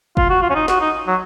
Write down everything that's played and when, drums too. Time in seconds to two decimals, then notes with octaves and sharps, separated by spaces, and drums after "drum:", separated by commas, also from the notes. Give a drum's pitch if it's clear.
0.17 F4, drum: kick
0.30 F#4
0.42 F4
0.50 C#4
0.55 D#4
0.68 F#4, drum: snare
0.81 D#4
1.07 F#3